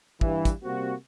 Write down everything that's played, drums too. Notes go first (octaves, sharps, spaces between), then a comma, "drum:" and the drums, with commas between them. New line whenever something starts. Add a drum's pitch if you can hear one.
G2 E3, drum: kick
drum: kick, hi-hat
C3 G3 A#3 C4 F#4